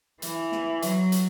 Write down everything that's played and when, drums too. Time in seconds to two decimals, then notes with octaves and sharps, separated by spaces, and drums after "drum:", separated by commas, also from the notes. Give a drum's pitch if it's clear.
0.22 E3, drum: hi-hat
0.52 drum: snare
0.82 F#3, drum: hi-hat
1.12 drum: hi-hat